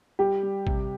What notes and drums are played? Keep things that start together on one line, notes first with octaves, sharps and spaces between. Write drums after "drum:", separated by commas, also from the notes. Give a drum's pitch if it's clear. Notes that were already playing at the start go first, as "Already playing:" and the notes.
G3 G4
G3
C3, drum: kick